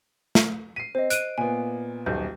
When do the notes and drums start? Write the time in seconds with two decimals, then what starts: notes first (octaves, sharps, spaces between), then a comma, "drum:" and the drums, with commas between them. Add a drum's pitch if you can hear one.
0.35 drum: snare
0.76 B6 C7 D#7
0.95 C4 C5 D#5
1.10 F#6 D7 D#7, drum: hi-hat
1.38 A#2 B3 G#5
2.06 D#1 B1 G6